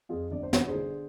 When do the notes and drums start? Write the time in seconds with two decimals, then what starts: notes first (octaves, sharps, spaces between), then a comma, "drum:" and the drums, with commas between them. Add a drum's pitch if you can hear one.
0.09 F2 F4 G#4
0.31 G1 D5
0.43 C5
0.53 G1 B4, drum: snare
0.68 G#4 C5
0.75 D3